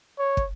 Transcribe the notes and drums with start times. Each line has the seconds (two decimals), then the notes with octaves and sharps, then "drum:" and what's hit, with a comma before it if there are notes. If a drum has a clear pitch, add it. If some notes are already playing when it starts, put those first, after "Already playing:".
0.19 C#5
0.37 drum: kick